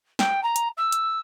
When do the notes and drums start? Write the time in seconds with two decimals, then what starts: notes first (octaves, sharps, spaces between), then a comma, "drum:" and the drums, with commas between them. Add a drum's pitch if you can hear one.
0.19 G5, drum: snare
0.43 A#5
0.56 drum: hi-hat
0.77 E6
0.92 drum: hi-hat